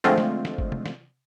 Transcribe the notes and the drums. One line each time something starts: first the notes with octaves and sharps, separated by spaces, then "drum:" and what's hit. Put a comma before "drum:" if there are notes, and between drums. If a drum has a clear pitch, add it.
D3 F3 G#3 A3 C4 F4
drum: snare
drum: snare
drum: kick
drum: tom C3
drum: snare